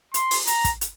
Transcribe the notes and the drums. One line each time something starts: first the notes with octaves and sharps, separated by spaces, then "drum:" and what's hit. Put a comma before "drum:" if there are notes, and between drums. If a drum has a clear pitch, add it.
C6, drum: hi-hat
drum: open hi-hat
A#5, drum: hi-hat
drum: kick, hi-hat
drum: hi-hat